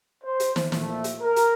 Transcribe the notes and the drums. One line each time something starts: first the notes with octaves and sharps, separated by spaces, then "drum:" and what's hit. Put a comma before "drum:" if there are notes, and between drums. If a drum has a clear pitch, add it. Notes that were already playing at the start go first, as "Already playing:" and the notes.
C5
drum: hi-hat
drum: snare
A#2 F3 A3, drum: snare
drum: hi-hat
A#4
drum: hi-hat